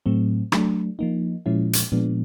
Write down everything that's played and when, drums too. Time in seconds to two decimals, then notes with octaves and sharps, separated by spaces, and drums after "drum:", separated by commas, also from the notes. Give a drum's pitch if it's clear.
0.06 A2 F#3 A3 C4
0.52 F#3 A3 D4, drum: rim click
0.99 F3 A#3 D#4
1.46 A#2 F3 G#3 C#4 E4
1.73 drum: hi-hat
1.92 A#2 F3 G#3 B3 D4